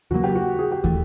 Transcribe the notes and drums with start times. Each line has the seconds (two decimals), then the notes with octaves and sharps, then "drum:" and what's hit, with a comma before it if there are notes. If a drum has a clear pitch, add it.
0.11 E2 C#3 F#3 A#3 F#4
0.24 G4
0.35 F#4
0.59 G#4
0.72 G4
0.84 E3 A3, drum: kick